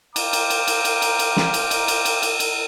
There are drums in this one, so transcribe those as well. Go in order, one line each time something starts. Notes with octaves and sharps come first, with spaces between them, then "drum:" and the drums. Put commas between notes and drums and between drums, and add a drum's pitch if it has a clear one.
A#4 C5 F5 G5 A#5 D6, drum: cymbal
drum: cymbal
drum: cymbal
drum: cymbal
drum: cymbal
drum: cymbal
drum: cymbal
drum: snare
drum: cymbal
drum: cymbal
drum: cymbal
drum: cymbal
drum: cymbal
drum: cymbal